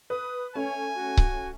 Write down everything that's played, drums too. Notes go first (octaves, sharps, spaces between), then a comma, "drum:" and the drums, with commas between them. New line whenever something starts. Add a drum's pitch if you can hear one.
B4 D#6
A3 C#4 C#5 G#5
F#4
drum: kick C#1